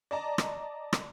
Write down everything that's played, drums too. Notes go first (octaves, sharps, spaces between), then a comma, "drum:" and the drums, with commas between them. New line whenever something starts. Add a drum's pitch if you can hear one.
D5 D#5 A5 A#5
drum: rim click
drum: rim click